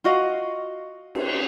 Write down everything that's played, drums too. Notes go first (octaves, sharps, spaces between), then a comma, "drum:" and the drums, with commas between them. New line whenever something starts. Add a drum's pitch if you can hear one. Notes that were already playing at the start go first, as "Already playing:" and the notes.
F4 F#4 D#5 F5
drum: cymbal